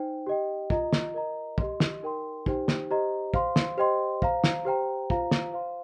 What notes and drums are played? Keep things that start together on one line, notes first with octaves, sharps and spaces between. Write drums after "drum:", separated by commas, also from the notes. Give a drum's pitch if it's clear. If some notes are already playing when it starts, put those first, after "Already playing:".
Already playing: D#4 C5 G5
G4 D#5 G5
F4 D#5 A#5, drum: kick
drum: snare
A#4 D#5 A#5
G4 D#5 C6, drum: kick
drum: snare
D#4 A#4 G5 C6
D#4 G4 C5 G5, drum: kick
drum: snare
G4 C5 D#5 A#5
C5 F5 C6, drum: kick
drum: snare
G4 C5 D#5 G5 C6
C5 F5 A#5, drum: kick
drum: snare
G4 C5 G5 A#5
F4 C5 F5 A#5, drum: kick
drum: snare
C5 F5 C6